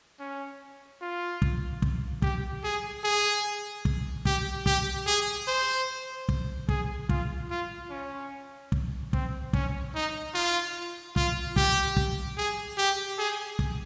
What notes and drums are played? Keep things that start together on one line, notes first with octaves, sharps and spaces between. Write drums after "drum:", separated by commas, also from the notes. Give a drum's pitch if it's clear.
C#4
F4
drum: kick
drum: kick
G4, drum: kick
G#4
G#4
drum: kick
G4, drum: kick
G4, drum: kick
G#4
C5
drum: kick
G#4, drum: kick
F4, drum: kick
F4
C#4
drum: kick
C4, drum: kick
C#4, drum: kick
D#4
F4
F4, drum: kick
G4, drum: kick
drum: kick
G#4
G4
G#4
drum: kick